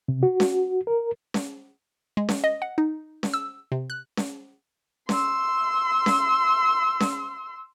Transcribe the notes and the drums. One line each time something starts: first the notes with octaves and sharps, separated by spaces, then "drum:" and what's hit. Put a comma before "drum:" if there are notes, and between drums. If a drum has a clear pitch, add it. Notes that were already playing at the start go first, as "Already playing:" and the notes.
C3
F#4
drum: snare C#4
A#4
drum: snare C#4
G#3
drum: snare C#4
D#5
F#5
D#4
drum: snare C#4
E6
C3
F#6
drum: snare C#4
C6 E6, drum: snare C#4
drum: snare C#4
drum: snare C#4